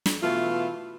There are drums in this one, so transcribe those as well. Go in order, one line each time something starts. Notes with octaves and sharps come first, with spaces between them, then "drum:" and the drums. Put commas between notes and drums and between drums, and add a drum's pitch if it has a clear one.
drum: snare
B2 E3 A3 F4